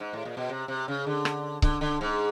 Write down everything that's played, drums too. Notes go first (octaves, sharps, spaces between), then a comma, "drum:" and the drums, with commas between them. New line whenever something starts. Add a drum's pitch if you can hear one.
G#2
A2
A#2
B2
C3
C3
C#3
D3
drum: rim click
D3, drum: kick C#1
D3
G#2